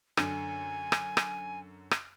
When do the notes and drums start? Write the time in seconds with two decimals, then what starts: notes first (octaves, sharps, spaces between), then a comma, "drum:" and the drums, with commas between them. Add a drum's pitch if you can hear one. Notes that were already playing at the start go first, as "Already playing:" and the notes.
0.17 F#2 D3 G#5, drum: rim click
0.92 drum: rim click
1.17 drum: rim click
1.91 drum: rim click